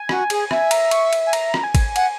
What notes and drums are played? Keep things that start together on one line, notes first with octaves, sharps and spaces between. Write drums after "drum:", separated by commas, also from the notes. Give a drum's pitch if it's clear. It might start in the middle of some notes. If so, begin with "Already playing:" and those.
Already playing: G#5
F#4, drum: rim click
G#4, drum: cymbal
E5, drum: rim click
A#5, drum: cymbal
C#6, drum: cymbal
drum: cymbal
G#5
A#5, drum: cymbal
drum: rim click
G#5
drum: kick G#1, cymbal
F#5, drum: cymbal